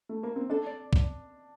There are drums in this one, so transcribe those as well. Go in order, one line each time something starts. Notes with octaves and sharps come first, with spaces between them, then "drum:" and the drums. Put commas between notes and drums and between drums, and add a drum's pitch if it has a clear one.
A3
A#3
C4
D4 A4
D5
drum: kick B1